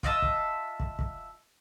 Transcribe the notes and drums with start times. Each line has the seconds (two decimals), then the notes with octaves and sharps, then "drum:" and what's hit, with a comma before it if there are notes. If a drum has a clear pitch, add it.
0.03 F4 D#5 E5 A5, drum: kick
0.22 drum: kick
0.80 drum: kick
0.99 drum: kick